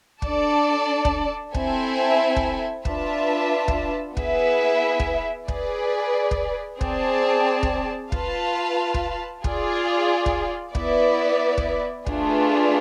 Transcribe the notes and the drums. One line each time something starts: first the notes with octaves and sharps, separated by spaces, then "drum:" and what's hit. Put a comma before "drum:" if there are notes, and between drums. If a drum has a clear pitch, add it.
D4 A4 D5 A5, drum: kick
drum: kick
C4 E4 A4 E5 G#5, drum: kick
drum: kick
D4 F4 B4 E5 A5, drum: kick
drum: kick
B3 E4 G#4 B4 E5, drum: kick
drum: kick
G#4 B4 D5, drum: kick
drum: kick
C4 G#4 D5 A5, drum: kick
drum: kick
F4 B4 F5 A5, drum: kick
drum: kick
F4 G#4 D5, drum: kick
drum: kick
B3 E4 B4 D5, drum: kick
drum: kick
A3 D4 F4 G#4 B4, drum: kick